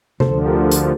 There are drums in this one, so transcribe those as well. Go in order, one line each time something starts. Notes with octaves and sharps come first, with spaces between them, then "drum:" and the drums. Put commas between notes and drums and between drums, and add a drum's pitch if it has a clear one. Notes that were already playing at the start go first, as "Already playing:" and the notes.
D2 D3 F3 A4 C5, drum: tom C3
G4 A#4
drum: hi-hat